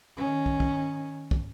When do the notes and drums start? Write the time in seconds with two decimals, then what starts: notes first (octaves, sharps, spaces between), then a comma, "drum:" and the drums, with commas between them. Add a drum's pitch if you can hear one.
0.18 D#3 C#4
0.46 drum: kick
0.60 drum: kick
1.31 drum: kick